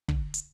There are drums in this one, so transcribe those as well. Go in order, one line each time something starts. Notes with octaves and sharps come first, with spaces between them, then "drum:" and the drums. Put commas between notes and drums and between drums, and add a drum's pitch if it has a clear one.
D3, drum: kick
drum: hi-hat